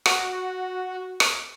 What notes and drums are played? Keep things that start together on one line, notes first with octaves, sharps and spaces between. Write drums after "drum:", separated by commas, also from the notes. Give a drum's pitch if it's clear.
F#4, drum: rim click
drum: rim click